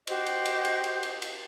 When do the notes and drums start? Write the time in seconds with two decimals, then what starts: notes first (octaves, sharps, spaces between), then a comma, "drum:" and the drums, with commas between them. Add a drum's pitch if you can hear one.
0.07 F#4 G4 C5 D#5, drum: cymbal
0.26 drum: cymbal
0.45 drum: cymbal
0.65 drum: cymbal
0.84 drum: cymbal
1.03 drum: cymbal
1.22 drum: cymbal